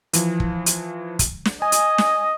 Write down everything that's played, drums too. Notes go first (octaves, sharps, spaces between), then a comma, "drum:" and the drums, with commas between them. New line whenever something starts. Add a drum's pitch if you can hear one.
E3 F3, drum: hi-hat
drum: kick
drum: hi-hat
drum: kick, hi-hat
drum: snare
D#5 G#5
drum: hi-hat
drum: snare